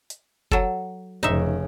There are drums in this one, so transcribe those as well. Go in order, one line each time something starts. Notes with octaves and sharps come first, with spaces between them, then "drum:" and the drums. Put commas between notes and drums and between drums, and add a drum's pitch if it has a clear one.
drum: hi-hat
F#3 A4, drum: kick
F1 C#3 D#4 E5